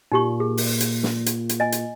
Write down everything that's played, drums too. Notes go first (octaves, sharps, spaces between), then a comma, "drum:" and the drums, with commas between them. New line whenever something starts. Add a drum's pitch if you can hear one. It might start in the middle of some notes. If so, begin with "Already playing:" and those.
A#2 D#4 G4 C#6
G#4
drum: open hi-hat
drum: hi-hat
drum: snare
drum: hi-hat
drum: hi-hat
D#5 G#5
drum: hi-hat